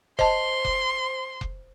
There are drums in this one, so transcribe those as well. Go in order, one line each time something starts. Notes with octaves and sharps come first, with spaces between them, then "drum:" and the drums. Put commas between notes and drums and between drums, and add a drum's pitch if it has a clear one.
C5 D#5 A5 C6, drum: kick F1
drum: kick F1
drum: kick F1